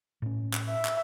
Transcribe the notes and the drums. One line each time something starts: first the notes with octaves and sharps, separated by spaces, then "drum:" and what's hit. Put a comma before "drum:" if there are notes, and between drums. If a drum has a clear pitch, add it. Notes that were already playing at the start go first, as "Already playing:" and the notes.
A2 C#4
drum: clap
E5
drum: clap